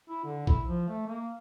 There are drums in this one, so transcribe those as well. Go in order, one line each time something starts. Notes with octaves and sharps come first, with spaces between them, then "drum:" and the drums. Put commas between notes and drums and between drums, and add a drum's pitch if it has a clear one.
E4
D3
E4, drum: kick A#1
F3
A3
A#3